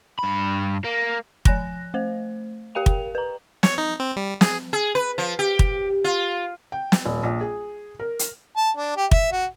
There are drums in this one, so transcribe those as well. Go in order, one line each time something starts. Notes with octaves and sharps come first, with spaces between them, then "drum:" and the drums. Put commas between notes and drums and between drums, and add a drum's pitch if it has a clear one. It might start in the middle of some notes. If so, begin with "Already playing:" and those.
G2 B5
A#3
F3 G#5 F#6 A#6, drum: kick
A3 C5
G4 A#4 F5 G5 F7
drum: kick
B4 A#5
C#5, drum: snare
D#4
C4
G3
G#4, drum: snare
G#4
B4
F3
G4
drum: kick
F4
G5
drum: snare
D#1
A#1
G#4
A#4
drum: hi-hat
A5
D4
G4
E5, drum: kick
F#4